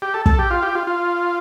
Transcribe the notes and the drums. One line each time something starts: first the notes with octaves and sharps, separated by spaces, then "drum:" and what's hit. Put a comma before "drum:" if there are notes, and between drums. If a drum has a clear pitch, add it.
G4
A4
A4, drum: kick
G4
F4
G4
F4
F4